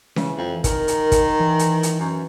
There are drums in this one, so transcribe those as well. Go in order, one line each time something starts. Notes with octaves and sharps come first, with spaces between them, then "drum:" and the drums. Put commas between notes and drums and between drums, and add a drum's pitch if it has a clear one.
C#3 E3, drum: snare C#4
F2
D#3 A#4, drum: kick, hi-hat
drum: hi-hat
drum: kick, hi-hat
E3
drum: hi-hat
drum: hi-hat
F#2